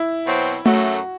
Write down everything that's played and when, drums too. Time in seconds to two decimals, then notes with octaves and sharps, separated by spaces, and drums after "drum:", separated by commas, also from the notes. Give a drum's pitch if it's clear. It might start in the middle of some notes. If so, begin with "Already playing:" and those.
Already playing: E4
0.25 B2 F#3 C4
0.66 F#2 F#3 A3 F#4, drum: tom A3